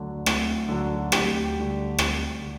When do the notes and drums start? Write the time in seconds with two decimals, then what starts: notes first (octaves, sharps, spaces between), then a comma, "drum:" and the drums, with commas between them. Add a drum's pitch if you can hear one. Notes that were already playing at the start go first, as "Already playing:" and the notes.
Already playing: D2 D3 F#3
0.26 D2, drum: rim click
0.68 D3 F#3
1.12 D2 G4, drum: rim click
1.56 D3 G3
1.98 D2, drum: rim click
2.41 D3